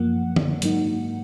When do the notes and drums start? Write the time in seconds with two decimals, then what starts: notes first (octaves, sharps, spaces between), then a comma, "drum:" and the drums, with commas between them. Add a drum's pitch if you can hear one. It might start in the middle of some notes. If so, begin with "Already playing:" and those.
Already playing: F#2 F3 A#3 F#5
0.36 drum: tom D3
0.62 G#2 F#3 A#3 D#4, drum: hi-hat